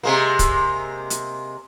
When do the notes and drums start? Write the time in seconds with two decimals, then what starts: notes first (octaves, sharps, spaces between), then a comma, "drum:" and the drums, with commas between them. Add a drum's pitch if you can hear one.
0.03 C3 G#3 A#3
0.39 drum: kick, hi-hat
1.10 drum: hi-hat